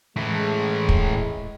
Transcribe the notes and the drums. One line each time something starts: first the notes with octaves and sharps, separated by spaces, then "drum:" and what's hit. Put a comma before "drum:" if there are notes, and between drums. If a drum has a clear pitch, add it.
A2 E3 G#3
drum: kick